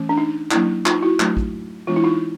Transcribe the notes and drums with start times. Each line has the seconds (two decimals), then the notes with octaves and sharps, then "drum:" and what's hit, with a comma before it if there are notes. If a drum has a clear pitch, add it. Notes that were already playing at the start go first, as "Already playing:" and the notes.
Already playing: E3 A3 C#4
0.09 D4
0.18 D#4
0.51 F#3 A#3 D4 E4, drum: clap
0.86 D#4 F4, drum: clap
1.02 E4 F#4
1.20 F#3 A3 D4, drum: clap
1.37 drum: kick A1
1.87 E3 G#3 B3 D4 F4
1.96 E4
2.04 D#4 F4